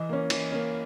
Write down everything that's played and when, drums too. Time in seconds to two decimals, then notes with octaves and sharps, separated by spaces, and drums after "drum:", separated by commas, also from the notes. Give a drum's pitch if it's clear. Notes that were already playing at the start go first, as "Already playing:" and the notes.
Already playing: E3 D#5
0.09 A#3 C#4
0.30 E3, drum: cymbal
0.52 A#3 C#4